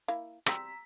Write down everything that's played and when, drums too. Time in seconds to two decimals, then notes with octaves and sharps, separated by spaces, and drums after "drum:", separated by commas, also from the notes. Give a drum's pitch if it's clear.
0.08 A#3 E4 F5
0.46 G3 C4 A#5 E6 B6, drum: rim click